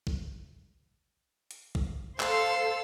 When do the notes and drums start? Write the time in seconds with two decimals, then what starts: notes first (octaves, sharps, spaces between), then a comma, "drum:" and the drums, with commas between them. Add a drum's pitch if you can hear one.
0.07 drum: kick
1.51 drum: hi-hat
1.75 drum: kick
2.20 A4 C5 F5 E6, drum: clap